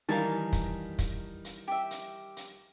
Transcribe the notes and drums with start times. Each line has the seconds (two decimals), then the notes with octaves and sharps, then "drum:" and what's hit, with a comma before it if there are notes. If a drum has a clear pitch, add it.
0.09 D#3 E3 G3 A#4 F5 G#5 A5
0.53 drum: kick, hi-hat
0.99 drum: kick, hi-hat
1.45 drum: hi-hat
1.68 G4 E5
1.91 drum: hi-hat
2.37 drum: hi-hat